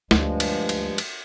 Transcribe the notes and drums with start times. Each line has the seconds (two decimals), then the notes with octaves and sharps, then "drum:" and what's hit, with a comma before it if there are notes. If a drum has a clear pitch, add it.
0.11 D2 G2 F3 G#3, drum: snare
0.40 drum: cymbal
0.69 drum: cymbal
0.98 drum: cymbal